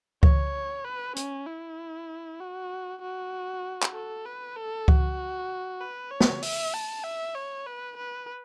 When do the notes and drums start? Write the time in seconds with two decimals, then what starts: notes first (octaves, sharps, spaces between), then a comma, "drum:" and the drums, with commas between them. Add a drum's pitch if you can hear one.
0.23 C#5, drum: kick C#2
0.85 B4
1.16 C#4, drum: hi-hat
1.47 E4
2.40 F#4
3.02 F#4
3.82 drum: clap
3.94 A4
4.25 B4
4.56 A4
4.88 F#4, drum: kick C#2
5.81 B4
6.11 C#5
6.20 drum: snare
6.42 E5, drum: open hi-hat
6.74 A5
7.04 E5
7.35 C#5
7.66 B4
7.97 B4